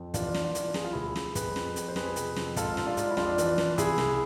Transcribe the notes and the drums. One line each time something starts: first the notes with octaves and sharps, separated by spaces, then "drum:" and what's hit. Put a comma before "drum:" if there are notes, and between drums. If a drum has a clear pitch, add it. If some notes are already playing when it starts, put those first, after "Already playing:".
Already playing: F2
E3 D4 F4, drum: kick, hi-hat
E3, drum: snare
D4 F4
E3, drum: hi-hat
F3 G#4, drum: snare
F4
D2 E4 G#4
F3, drum: snare
F2 G#4 B4, drum: kick, hi-hat
F2, drum: snare
F2, drum: hi-hat
C5
F2 G#4 B4, drum: snare
C3, drum: hi-hat
F2, drum: snare
G#2 F4 A4, drum: kick, hi-hat
G#2, drum: snare
D4 F4
G#2, drum: hi-hat
E4
F2 D4 F4, drum: snare
E3, drum: hi-hat
E3, drum: snare
C3 E4 G#4, drum: kick, hi-hat
C2, drum: snare